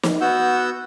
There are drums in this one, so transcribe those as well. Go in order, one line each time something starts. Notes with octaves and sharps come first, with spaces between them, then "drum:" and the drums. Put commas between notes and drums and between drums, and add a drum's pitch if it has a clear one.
drum: snare
B3 F#4 F#5 E6 G6